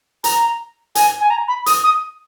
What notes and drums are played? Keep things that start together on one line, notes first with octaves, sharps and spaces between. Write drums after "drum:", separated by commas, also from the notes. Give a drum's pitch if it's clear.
A#5, drum: hi-hat
G#5, drum: hi-hat
G#5
A#5
B5
D#6, drum: hi-hat
D#6